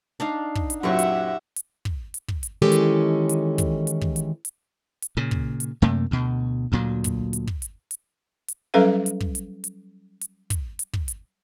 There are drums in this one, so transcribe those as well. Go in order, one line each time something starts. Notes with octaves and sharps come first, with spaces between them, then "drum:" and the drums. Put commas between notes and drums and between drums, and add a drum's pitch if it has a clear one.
D4 D#4 F5
drum: kick
drum: hi-hat
F#2 A#2 F#3 G4 B4 E5 F#5 C#6
drum: hi-hat
drum: hi-hat
drum: kick
drum: hi-hat
drum: kick
drum: hi-hat
D#3 E3 G#3 C#4 G4 A4
drum: hi-hat
drum: hi-hat
drum: kick, hi-hat
drum: hi-hat
drum: kick
drum: hi-hat
drum: hi-hat
drum: hi-hat
A#2 C#3
drum: kick
drum: hi-hat
F#2 C3 A3 A#3
D2 B2
D2 A#2 F#3
drum: kick, hi-hat
drum: hi-hat
drum: kick
drum: hi-hat
drum: hi-hat
drum: hi-hat
F#3 G3 C#4 A4 B4 F5
drum: hi-hat
drum: kick
drum: hi-hat
drum: hi-hat
drum: hi-hat
drum: kick, hi-hat
drum: hi-hat
drum: kick
drum: hi-hat